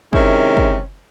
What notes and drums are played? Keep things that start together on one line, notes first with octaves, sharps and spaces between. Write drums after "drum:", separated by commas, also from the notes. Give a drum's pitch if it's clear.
C3 D#3 G#3 C4 C#4 E4, drum: kick
drum: kick